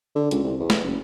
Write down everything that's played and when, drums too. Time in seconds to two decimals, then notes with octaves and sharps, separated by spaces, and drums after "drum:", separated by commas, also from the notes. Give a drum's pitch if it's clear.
0.16 D3
0.31 C#2, drum: hi-hat
0.43 C2
0.59 E2
0.70 drum: snare
0.84 F#1